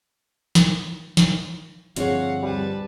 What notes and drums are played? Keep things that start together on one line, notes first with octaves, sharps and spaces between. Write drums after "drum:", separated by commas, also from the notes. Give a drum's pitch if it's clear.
drum: snare
drum: snare
G2 D3 F3 C4 G#4 C#5 F5 F#5, drum: hi-hat
G3 B4 A5